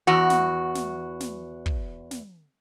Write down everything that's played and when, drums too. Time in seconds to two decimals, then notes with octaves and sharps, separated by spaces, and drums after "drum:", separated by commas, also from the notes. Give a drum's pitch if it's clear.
0.07 E2 F#4
0.30 drum: snare
0.75 drum: snare
1.20 drum: snare
1.66 drum: kick
2.11 drum: snare